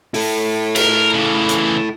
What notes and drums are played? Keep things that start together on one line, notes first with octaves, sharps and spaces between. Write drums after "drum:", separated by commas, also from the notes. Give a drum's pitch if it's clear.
E4 A4, drum: open hi-hat
A#4, drum: cymbal
C#3 E3
drum: hi-hat